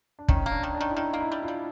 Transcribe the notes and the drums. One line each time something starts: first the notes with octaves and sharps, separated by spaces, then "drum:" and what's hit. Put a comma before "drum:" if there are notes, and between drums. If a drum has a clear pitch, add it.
D4
D#3 C#4, drum: kick
A#3
D4
D#3
D4
D#3
E4
D#3 D#4
A#3
E4
G3
G3 F4